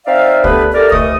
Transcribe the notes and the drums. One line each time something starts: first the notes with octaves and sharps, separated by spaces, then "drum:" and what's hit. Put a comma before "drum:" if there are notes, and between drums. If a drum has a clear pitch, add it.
C4 D#4 D5 E5 F5
D3 G3 A3 B3 D4 B4, drum: kick C#2
A3 G4 A#4 D5
C2 E3 A3 D#5 C#6 D#6, drum: kick C#2